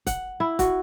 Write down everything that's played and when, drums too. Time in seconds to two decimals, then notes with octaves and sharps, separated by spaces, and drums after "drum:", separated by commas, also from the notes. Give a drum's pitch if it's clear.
0.07 F#5, drum: kick, hi-hat
0.40 E4
0.59 F#4, drum: kick, hi-hat